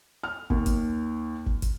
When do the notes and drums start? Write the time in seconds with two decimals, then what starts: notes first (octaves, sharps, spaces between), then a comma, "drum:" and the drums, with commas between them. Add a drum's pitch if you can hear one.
0.24 F6
0.50 D#2, drum: kick
0.66 drum: kick, hi-hat
1.46 drum: kick
1.62 drum: kick, hi-hat